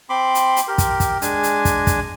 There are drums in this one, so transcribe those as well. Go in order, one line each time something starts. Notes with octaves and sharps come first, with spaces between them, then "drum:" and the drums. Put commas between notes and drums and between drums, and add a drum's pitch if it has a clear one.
C4 B5 C6 D6
drum: hi-hat
drum: hi-hat
G4 A#4
drum: kick, hi-hat
drum: kick, hi-hat
G#3 D4 G#5, drum: hi-hat
drum: hi-hat
drum: kick, hi-hat
drum: kick, hi-hat